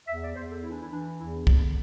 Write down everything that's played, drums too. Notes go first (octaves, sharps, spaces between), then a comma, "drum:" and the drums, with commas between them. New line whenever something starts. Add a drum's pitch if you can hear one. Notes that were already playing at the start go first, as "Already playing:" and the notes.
E2 E5
D5
E2 C5
A4
E3 E4
D4
E4
E3 D4
E2 E4
D3 D4, drum: kick